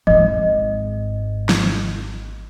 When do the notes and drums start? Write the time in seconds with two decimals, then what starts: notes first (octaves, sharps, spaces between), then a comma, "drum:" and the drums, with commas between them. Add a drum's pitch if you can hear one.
0.07 G#1 G#2 D#5, drum: tom
1.49 drum: snare